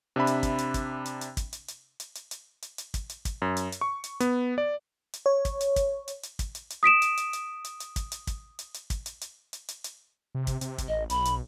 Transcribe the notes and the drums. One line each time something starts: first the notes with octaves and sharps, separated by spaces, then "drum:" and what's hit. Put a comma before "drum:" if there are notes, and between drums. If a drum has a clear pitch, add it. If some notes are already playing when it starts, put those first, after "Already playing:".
C3 D4 E5 B5
drum: hi-hat
drum: kick, hi-hat
drum: hi-hat
drum: kick, hi-hat
drum: hi-hat
drum: hi-hat
drum: kick, hi-hat
drum: hi-hat
drum: hi-hat
drum: hi-hat
drum: hi-hat
drum: hi-hat
drum: hi-hat
drum: hi-hat
drum: kick, hi-hat
drum: hi-hat
drum: kick, hi-hat
F#2
drum: hi-hat
drum: hi-hat
C#6
drum: hi-hat
B3, drum: hi-hat
D5
drum: hi-hat
C#5
drum: kick, hi-hat
drum: hi-hat
drum: kick, hi-hat
drum: hi-hat
drum: hi-hat
drum: kick, hi-hat
drum: hi-hat
drum: hi-hat
D#6 B6 D7 E7
drum: hi-hat
drum: hi-hat
drum: hi-hat
drum: hi-hat
drum: hi-hat
drum: kick, hi-hat
drum: hi-hat
drum: kick, hi-hat
drum: hi-hat
drum: hi-hat
drum: kick, hi-hat
drum: hi-hat
drum: hi-hat
drum: hi-hat
drum: hi-hat
drum: hi-hat
C3
drum: kick, hi-hat
C3, drum: hi-hat
drum: kick, hi-hat
A1 D#5
B1 B5, drum: hi-hat
drum: hi-hat